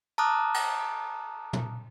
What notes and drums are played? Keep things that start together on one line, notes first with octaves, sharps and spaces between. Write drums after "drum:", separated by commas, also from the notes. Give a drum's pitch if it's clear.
A5 A#5 D6 D#6 F6 F#6
drum: cymbal
drum: tom